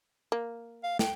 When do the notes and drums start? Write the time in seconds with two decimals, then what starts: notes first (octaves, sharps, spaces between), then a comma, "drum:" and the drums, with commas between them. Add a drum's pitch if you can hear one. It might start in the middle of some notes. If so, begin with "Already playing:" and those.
0.32 A#3
0.84 F5
0.99 G5, drum: snare